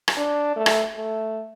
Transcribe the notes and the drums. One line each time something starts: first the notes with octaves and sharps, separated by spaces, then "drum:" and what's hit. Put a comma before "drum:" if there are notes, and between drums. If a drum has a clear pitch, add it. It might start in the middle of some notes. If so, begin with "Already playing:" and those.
drum: rim click
D4
A3
drum: rim click
A3